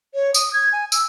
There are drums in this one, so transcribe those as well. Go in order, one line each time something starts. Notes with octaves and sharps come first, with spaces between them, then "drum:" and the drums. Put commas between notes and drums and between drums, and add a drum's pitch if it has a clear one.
C#5
D#6, drum: tambourine
G#6
G#5
E6, drum: tambourine